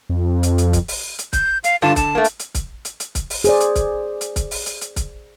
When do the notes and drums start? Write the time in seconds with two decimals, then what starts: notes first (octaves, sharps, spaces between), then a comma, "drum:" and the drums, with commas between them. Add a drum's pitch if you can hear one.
0.10 F2
0.43 drum: hi-hat
0.58 drum: hi-hat
0.73 drum: kick, hi-hat
0.88 drum: open hi-hat
1.18 drum: hi-hat
1.33 G6, drum: kick, hi-hat
1.64 F5, drum: hi-hat
1.82 G2 D3 F4 A5
1.96 D3 A5, drum: kick, hi-hat
2.15 A3 A#3
2.24 drum: hi-hat
2.39 drum: hi-hat
2.55 drum: kick, hi-hat
2.85 drum: hi-hat
3.00 drum: hi-hat
3.15 drum: kick, hi-hat
3.30 drum: open hi-hat
3.44 G#4 C5 D5, drum: hi-hat
3.60 drum: hi-hat
3.75 drum: kick, hi-hat
4.21 drum: hi-hat
4.36 drum: kick, hi-hat
4.51 drum: open hi-hat
4.66 drum: hi-hat
4.81 drum: hi-hat
4.96 drum: kick, hi-hat